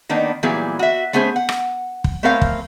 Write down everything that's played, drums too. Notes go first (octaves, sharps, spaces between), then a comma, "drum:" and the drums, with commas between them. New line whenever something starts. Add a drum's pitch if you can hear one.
D#3 A#3 B3 D4 D#4
A#2 E3 F#3 G3 B3 G#4
F#4 E5
A3 B3 C#4 G#4 C5
F#5
drum: rim click
drum: kick
A3 B3 C4 A#4 C#5 F5
drum: kick